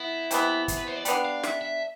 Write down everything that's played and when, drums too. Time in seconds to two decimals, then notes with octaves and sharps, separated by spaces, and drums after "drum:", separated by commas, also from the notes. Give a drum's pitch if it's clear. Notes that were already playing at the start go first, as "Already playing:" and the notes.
Already playing: B3 E4
0.31 C3 E3 B3, drum: hi-hat
0.68 drum: kick, hi-hat
0.78 B4
0.87 C5
0.96 D5
1.05 G3 B3 D4 F5, drum: hi-hat
1.25 F5
1.44 E5, drum: snare
1.61 E5